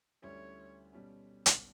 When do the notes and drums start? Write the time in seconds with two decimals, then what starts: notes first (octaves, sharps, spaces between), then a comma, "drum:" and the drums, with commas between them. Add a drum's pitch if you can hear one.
0.23 D2 D3 G3 C#4 E4 C#5
0.93 B2 G3 C#4
1.46 drum: hi-hat